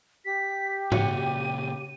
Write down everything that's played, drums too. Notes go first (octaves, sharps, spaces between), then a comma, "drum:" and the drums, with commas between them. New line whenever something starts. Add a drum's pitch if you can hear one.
G4 B6
A#2 C#3 F#4 C#5 F#5 D#7, drum: tom G#2